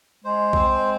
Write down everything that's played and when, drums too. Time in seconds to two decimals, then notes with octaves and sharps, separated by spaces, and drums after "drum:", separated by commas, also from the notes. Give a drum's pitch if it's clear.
0.24 G#3 C5
0.53 C4, drum: kick B1
0.69 G#3